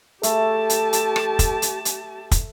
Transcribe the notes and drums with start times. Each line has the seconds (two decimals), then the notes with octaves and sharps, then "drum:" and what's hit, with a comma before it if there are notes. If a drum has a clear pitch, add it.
0.23 A3 G4 A4 A5, drum: hi-hat
0.70 drum: hi-hat
0.93 drum: hi-hat
1.16 drum: rim click
1.39 drum: kick, hi-hat
1.62 drum: hi-hat
1.85 drum: hi-hat
2.31 drum: kick, hi-hat